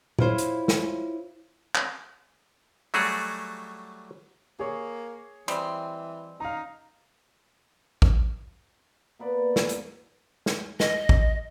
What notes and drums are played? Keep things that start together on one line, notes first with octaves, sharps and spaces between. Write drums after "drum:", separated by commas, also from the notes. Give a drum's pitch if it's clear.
E4 F4 C5 C#5, drum: tom A#2
drum: hi-hat
drum: snare
drum: clap
F#3 G3 A3 F#4 G#4, drum: open hi-hat
A#3 G#4 C#5
E3 G3 G#3 C4, drum: hi-hat
D#4 F5 A#5
drum: kick A1
A#3 B3 B4 D5
drum: snare
drum: hi-hat
drum: snare
D#5, drum: snare
drum: kick A1